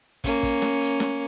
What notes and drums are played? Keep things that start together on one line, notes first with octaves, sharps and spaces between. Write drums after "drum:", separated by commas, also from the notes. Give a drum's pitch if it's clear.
A#3 C#4, drum: kick, hi-hat
drum: kick, hi-hat
drum: snare
drum: hi-hat
drum: snare